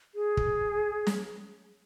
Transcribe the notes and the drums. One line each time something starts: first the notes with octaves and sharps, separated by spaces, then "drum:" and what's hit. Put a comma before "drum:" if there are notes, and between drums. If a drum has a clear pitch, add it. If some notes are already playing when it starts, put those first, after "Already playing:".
G#4
drum: kick
drum: snare